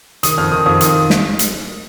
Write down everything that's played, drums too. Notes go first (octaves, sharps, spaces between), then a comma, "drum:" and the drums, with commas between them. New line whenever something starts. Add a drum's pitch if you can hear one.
D#3 D#6, drum: hi-hat
F2 F6
D#3 D#6
F2 D#6
D#3 D#6, drum: hi-hat
drum: snare
drum: hi-hat